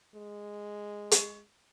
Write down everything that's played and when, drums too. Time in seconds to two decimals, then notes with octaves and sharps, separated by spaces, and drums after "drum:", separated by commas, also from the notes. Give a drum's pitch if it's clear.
0.15 G#3
1.11 drum: hi-hat